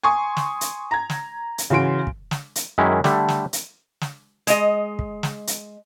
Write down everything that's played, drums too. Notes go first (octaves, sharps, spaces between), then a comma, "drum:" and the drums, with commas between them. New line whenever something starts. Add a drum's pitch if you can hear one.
G#5 C6 C#6 D#6
drum: snare
drum: hi-hat
A#5 G#6
drum: snare
drum: hi-hat
C#3 E3 F#4 C6 D7
drum: kick
drum: snare
drum: hi-hat
F#2 D#3 G#3 C#4 E4
D3 G3 A3, drum: snare
drum: snare
drum: hi-hat
drum: snare
G#3 D#5, drum: hi-hat
drum: kick
drum: snare
drum: hi-hat